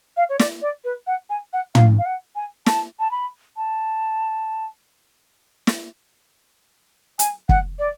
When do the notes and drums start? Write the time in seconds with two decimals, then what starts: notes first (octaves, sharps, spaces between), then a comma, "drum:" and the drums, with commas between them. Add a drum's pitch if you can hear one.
0.17 F5
0.30 C#5
0.39 D5, drum: snare
0.62 D5
0.85 B4
1.07 F#5
1.30 G#5
1.53 F#5
1.75 F5, drum: tom
1.99 F5
2.06 F#5
2.36 G#5
2.66 A5, drum: snare
3.00 A5
3.11 B5
3.57 A5
5.67 drum: snare
7.19 G#5, drum: hi-hat
7.49 F#5, drum: kick
7.79 D5